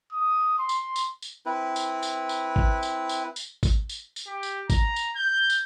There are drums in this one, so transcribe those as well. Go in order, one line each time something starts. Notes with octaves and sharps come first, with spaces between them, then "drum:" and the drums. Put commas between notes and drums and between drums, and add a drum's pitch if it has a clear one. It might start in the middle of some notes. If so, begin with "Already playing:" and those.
D#6
C6
drum: tambourine
drum: tambourine
drum: tambourine
C4 E4 B4
drum: tambourine
drum: tambourine
drum: tambourine
drum: kick
drum: tambourine
drum: tambourine
drum: tambourine
drum: kick, tambourine
drum: tambourine
drum: tambourine
G4
drum: tambourine
A#5, drum: kick, tambourine
drum: tambourine
G6
drum: tambourine